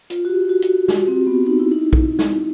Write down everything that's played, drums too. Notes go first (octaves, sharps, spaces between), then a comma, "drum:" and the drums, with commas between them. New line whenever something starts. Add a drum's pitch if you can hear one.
F4, drum: hi-hat
F#4
G4
F#4
drum: hi-hat
drum: snare
C4
B3
D#4
E4
D#4
drum: kick
drum: snare